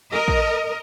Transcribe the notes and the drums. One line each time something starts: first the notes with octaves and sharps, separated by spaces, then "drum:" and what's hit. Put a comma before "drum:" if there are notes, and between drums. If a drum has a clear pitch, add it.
A#4 D#5
drum: kick A#1